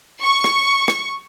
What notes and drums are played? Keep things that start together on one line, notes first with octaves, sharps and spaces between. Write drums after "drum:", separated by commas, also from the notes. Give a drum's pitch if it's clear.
C#6
drum: rim click
drum: rim click